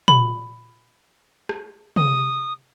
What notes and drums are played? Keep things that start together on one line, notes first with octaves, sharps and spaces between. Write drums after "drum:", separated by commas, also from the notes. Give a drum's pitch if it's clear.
B5, drum: tom
drum: rim click
D#6, drum: tom